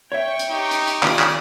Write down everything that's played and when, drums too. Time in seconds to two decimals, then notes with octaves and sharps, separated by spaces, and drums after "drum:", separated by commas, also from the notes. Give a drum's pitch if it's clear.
0.12 C#5 E5 G5 C#6
0.39 drum: hi-hat
0.50 D#4 G4
0.71 drum: hi-hat
0.87 drum: hi-hat
1.03 D#2 F4 G4 D5 D#6, drum: clap
1.19 drum: clap